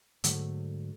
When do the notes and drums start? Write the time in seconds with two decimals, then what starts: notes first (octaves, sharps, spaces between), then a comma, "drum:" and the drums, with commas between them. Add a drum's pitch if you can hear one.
0.24 G#2 D3 F#3 A3, drum: hi-hat